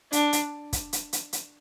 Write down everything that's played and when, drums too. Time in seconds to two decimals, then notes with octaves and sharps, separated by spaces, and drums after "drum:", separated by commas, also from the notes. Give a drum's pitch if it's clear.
0.12 D4, drum: hi-hat
0.33 drum: hi-hat
0.73 drum: kick, hi-hat
0.93 drum: hi-hat
1.13 drum: hi-hat
1.33 drum: hi-hat